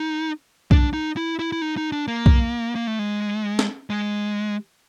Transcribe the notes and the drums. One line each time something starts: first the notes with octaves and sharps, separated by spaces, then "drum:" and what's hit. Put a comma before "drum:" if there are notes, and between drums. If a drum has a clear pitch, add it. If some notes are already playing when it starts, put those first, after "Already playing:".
Already playing: D#4
D4, drum: kick B1
D#4
E4
E4
E4
D#4
D#4
D4
A#3
drum: kick B1
A#3
A3
G#3
drum: snare
G#3